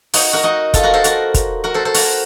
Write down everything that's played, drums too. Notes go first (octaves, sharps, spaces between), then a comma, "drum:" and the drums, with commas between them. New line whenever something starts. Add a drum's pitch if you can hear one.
D#4 F#4, drum: open hi-hat
F#4 A#4
D#4 F#4
F4 A4, drum: kick, hi-hat
F#4 A#4
A4 C5
F#4 A#4, drum: hi-hat
drum: kick, hi-hat
F#4 A#4
A4 C5
A4 C5
F#4 A#4, drum: open hi-hat